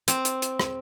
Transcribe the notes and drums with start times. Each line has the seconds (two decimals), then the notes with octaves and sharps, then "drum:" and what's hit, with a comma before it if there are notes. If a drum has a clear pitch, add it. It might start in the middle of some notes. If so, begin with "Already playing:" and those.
0.08 C4, drum: hi-hat
0.25 drum: hi-hat
0.42 drum: hi-hat
0.60 drum: rim click